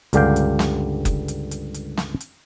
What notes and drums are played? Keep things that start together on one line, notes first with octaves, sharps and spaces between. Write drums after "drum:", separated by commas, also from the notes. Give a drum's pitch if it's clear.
C#2 G2 D3 G4 F5 G5, drum: hi-hat
drum: hi-hat
drum: snare
drum: kick F#1, hi-hat
drum: hi-hat
drum: hi-hat
drum: hi-hat
drum: snare
drum: hi-hat